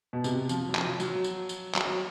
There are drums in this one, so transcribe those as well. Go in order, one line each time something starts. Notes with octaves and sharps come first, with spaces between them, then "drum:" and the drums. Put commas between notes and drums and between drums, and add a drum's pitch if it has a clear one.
B2
C3, drum: tambourine
F3, drum: tambourine
F#3
F3, drum: clap
F#3, drum: tambourine
drum: tambourine
drum: tambourine
F#3, drum: clap